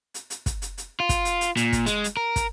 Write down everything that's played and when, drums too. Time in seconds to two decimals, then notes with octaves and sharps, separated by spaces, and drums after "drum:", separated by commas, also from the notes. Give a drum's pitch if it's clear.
0.14 drum: hi-hat
0.30 drum: hi-hat
0.46 drum: kick, hi-hat
0.62 drum: hi-hat
0.78 drum: hi-hat
1.00 F4
1.09 drum: kick, hi-hat
1.25 drum: hi-hat
1.41 drum: hi-hat
1.57 A#2, drum: hi-hat
1.73 drum: kick, hi-hat
1.86 G#3, drum: hi-hat
2.04 drum: hi-hat
2.17 A#4
2.36 drum: kick, hi-hat